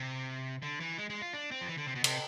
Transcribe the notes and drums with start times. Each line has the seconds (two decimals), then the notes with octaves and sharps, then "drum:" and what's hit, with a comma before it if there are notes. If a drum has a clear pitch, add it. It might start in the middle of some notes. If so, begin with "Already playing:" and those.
Already playing: C3
0.62 D3
0.80 E3
0.98 G#3
1.10 G#3
1.22 F4
1.33 D4
1.51 C4
1.61 F3
1.68 E3
1.78 D3
1.87 C3
1.95 B2
2.04 C3, drum: cymbal